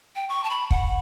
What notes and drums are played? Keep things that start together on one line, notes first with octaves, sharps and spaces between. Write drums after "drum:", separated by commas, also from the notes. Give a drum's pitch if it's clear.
G5
C#6
A5
B5
F#5, drum: kick